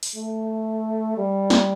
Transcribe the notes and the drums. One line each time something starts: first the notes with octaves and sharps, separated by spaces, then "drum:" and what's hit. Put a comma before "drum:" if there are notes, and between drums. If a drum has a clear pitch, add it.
drum: open hi-hat
A3
G3
drum: snare